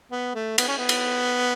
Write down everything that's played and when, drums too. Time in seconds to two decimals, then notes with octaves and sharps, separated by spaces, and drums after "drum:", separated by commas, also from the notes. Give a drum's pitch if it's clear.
0.12 B3
0.35 A3
0.58 B3, drum: cymbal
0.68 C#4
0.78 B3
0.89 drum: cymbal